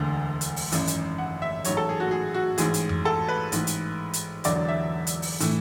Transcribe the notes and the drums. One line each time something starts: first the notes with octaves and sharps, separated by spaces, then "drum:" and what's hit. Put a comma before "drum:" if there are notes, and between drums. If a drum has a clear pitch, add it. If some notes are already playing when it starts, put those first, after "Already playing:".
Already playing: E1 D2 D3
drum: hi-hat
drum: open hi-hat
G#1 F#2 E3, drum: hi-hat
drum: hi-hat
F#5
E5
A1 G#2 F#3 C#5, drum: hi-hat
A4
G#4
F#4
G#4
F#4
A1 G#2 E3 G#4, drum: hi-hat
drum: hi-hat
drum: tom F2
A4
B4
A1 G#2 E3, drum: hi-hat
drum: hi-hat
drum: hi-hat
E1 E2 D3 F#3 D5, drum: hi-hat
E5
drum: hi-hat
drum: open hi-hat
A2 E3, drum: hi-hat